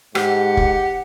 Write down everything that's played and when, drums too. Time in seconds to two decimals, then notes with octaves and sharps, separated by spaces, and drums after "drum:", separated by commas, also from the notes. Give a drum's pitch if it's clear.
0.15 G#2 G4 F#5, drum: rim click
0.57 drum: kick